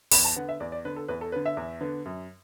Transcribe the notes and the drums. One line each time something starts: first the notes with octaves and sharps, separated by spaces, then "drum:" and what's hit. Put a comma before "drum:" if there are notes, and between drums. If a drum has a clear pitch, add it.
E2 B5, drum: open hi-hat
A5
D3 B3 F#5
E5
E2 D5
D5
D3 B3 B4
A4
E2 B4
A4
D3 B3 B4
E5
E2
D3 B3
F#2